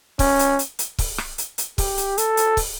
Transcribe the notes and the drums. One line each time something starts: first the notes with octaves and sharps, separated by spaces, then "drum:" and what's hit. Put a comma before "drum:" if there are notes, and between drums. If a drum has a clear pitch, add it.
C#4, drum: kick, open hi-hat
drum: hi-hat
drum: hi-hat
drum: hi-hat
drum: kick, open hi-hat
drum: rim click
drum: hi-hat
drum: hi-hat
G4, drum: kick, open hi-hat
drum: hi-hat
A4, drum: hi-hat
drum: hi-hat
drum: kick, open hi-hat